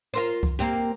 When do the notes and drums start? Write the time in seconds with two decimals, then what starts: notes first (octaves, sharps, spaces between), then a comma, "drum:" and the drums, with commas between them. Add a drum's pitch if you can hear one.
0.14 F4 A#4 C5
0.43 drum: kick C2
0.59 A#3 C4 G4